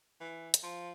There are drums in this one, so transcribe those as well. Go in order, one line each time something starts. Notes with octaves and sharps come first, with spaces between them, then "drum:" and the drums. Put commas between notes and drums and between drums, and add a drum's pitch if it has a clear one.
E3
drum: hi-hat
F3